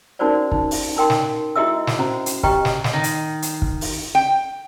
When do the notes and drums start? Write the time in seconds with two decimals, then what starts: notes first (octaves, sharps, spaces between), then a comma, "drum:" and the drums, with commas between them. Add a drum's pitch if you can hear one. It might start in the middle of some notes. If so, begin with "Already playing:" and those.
0.19 C#4 D#4 F#4 A#4 C5 D5
0.52 D#4, drum: kick
0.71 drum: open hi-hat
0.97 D#4 A#4 G5 C6
1.10 drum: snare
1.56 E4 F#4 G#4 D#5 E5 E6
1.87 drum: snare
1.99 C#4 F#4 C5 A#5
2.26 drum: hi-hat
2.43 G4 B4 D#5 G5 A#5 C#6, drum: kick
2.65 drum: snare
2.84 drum: snare
2.93 D#3
3.04 drum: hi-hat
3.42 drum: hi-hat
3.62 drum: kick
3.81 drum: open hi-hat
4.15 G5